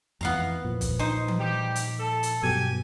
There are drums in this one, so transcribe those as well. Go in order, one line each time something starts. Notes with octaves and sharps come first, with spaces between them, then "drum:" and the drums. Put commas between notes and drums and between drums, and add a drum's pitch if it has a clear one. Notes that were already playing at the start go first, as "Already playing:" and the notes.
F2 E3 B3 F5 A#5
A#2 F3
drum: kick, hi-hat
D#4 C5
drum: tom E3
G3 G4
drum: hi-hat
A4
drum: hi-hat
G2 B2 F#3 G4 G#5